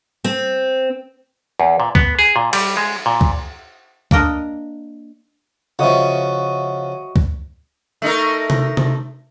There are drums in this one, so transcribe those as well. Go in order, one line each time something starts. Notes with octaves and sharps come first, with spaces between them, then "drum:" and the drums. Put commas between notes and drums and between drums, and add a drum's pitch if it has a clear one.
C4
E2
A#2
B3, drum: kick C#2
G#4
A#2
G3, drum: cymbal
G#3
A#2
drum: kick C#2
A#3 D4 A#4 D#5, drum: kick C#2
C#3 F3 F#4 D#5 E5
drum: kick C#2
A3 D#4 A#4
drum: tom C3
drum: tom C3